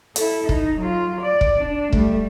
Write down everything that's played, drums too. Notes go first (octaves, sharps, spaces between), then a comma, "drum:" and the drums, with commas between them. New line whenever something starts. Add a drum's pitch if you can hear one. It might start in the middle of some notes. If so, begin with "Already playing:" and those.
E4 A4, drum: hi-hat
D#4, drum: kick
F#3 F4
D5
drum: kick
D4
G3 A3, drum: kick